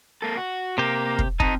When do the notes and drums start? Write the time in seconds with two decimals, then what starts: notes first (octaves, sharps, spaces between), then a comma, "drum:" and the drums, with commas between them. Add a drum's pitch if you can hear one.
0.22 A#3 A4
0.37 F#4
0.78 C3 A#3 G4
1.19 drum: kick
1.40 C4 D#4 A5, drum: kick